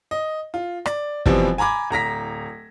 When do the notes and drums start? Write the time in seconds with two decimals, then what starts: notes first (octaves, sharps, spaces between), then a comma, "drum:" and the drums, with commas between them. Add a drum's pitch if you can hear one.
0.11 D#5
0.54 F4
0.86 D5, drum: rim click
1.26 B2 E3 F3 G3 C4, drum: kick
1.58 G#5 A#5 B5 D6 G#6
1.91 D1 A#5 A#6 B6